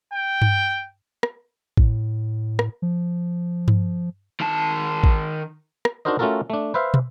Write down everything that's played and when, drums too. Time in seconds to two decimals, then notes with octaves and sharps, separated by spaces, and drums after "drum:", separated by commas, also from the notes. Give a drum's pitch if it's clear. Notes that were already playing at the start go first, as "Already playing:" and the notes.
0.13 G5
0.42 drum: tom G2
1.23 drum: rim click
1.77 A2, drum: kick
2.59 drum: rim click
2.82 F3
3.68 drum: tom G2
4.40 D#3 A5
5.04 drum: kick
5.85 drum: rim click
6.05 D4 D#4 F#4 A#4 C5 D#5
6.19 A3 C#4 F4 F#4 A4 A#4
6.50 A3 D4
6.74 B4 C5 E5 F5
6.94 drum: tom